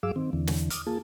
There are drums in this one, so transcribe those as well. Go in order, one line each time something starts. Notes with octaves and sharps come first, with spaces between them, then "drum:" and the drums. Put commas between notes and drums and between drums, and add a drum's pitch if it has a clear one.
G2 F#3 G#4 F5 D6 E6
D#3 C4
E2 D3 E3
drum: snare
D6 D#6 F6, drum: hi-hat
A#3 F4 G#4 A5